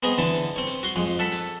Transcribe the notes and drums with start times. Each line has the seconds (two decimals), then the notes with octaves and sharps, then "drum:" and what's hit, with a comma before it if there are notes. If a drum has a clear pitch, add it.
0.03 B3 C4 G#4 D#5 A#5
0.18 D3 E3 A5
0.34 drum: hi-hat
0.56 C4 C#5
0.67 drum: hi-hat
0.83 F#4 C6, drum: hi-hat
0.96 F2 G#3
1.19 A4 F#5 A5 B5
1.32 drum: hi-hat